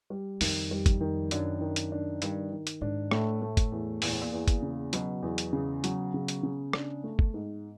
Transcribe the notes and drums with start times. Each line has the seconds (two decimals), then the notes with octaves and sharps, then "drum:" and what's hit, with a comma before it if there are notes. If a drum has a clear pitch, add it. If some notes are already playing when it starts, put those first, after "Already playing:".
0.10 G3
0.41 F2 D#3, drum: open hi-hat
0.71 G3
0.86 drum: kick G1, hi-hat
1.01 D#3
1.31 F#2 D4, drum: hi-hat
1.61 D#3
1.76 drum: hi-hat
1.92 D4
2.22 G2 D#3, drum: hi-hat
2.52 D#3
2.67 drum: hi-hat
2.81 G#2 D4
3.11 A2 A3, drum: rim click
3.42 A3
3.57 drum: kick G1, hi-hat
3.72 E2
4.02 E2 A#2, drum: open hi-hat
4.12 A2
4.21 A#2
4.33 E2
4.48 drum: kick G1, hi-hat
4.62 C#3
4.93 B2 F#3, drum: hi-hat
5.22 E2
5.38 drum: hi-hat
5.53 C#3
5.84 F#3, drum: hi-hat
6.14 C#3
6.28 drum: hi-hat
6.43 C#3
6.73 D4, drum: rim click
7.04 A3
7.19 drum: kick G1
7.34 G#2